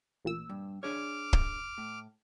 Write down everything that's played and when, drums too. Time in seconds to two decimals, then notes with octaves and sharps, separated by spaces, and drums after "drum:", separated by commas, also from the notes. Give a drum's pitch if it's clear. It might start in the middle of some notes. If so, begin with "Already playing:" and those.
0.25 A1 A#2 E6
0.49 G2
0.83 D4 G#4 C#5 D6 F6
1.33 drum: kick
1.78 A2